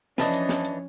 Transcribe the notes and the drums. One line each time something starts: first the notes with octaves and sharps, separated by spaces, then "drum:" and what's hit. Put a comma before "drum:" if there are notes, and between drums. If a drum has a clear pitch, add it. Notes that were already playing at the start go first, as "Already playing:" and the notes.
E3 F3 C#4 D4 D#5, drum: snare
drum: hi-hat
drum: snare
drum: hi-hat